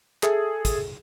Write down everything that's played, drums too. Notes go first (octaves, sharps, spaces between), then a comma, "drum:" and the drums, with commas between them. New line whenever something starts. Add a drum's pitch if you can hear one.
G#4 A4 E5, drum: clap
drum: kick, hi-hat